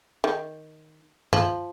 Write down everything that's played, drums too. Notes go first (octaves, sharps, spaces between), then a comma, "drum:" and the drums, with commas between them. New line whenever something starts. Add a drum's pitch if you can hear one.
D#3
F3, drum: tom